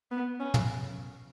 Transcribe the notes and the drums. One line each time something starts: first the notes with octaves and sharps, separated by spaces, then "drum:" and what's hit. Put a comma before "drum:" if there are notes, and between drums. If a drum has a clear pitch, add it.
B3
C#4
drum: tom